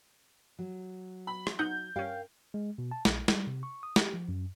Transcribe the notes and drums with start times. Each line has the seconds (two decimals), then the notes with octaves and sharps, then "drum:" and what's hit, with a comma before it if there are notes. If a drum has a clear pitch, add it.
0.59 F#3
1.27 B5
1.47 drum: rim click
1.59 D#4 F#5 G6
1.96 G2 C#4 A#4 F5 G5
2.54 G#3
2.78 B2
2.91 A5
3.05 A#1, drum: snare
3.28 G3, drum: snare
3.47 C3
3.63 C#6
3.83 D#6
3.96 G4, drum: snare
4.14 F3
4.29 F#2